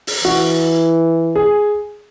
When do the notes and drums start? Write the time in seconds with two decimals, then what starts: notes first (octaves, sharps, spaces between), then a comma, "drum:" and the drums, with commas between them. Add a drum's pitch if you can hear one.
0.07 drum: open hi-hat
0.24 E3 F#4
1.36 G#4